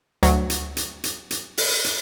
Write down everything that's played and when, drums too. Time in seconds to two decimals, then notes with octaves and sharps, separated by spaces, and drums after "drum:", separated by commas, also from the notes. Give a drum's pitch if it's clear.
0.23 D2 F#3, drum: hi-hat
0.50 drum: hi-hat
0.77 drum: hi-hat
1.04 drum: hi-hat
1.31 drum: hi-hat
1.58 drum: open hi-hat
1.85 drum: hi-hat